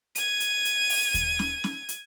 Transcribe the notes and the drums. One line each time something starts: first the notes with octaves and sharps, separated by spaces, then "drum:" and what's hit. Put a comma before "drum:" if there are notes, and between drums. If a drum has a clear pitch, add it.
G#6 D#7, drum: hi-hat
drum: hi-hat
drum: hi-hat
drum: open hi-hat
drum: kick D#2, hi-hat
drum: snare
drum: snare
drum: hi-hat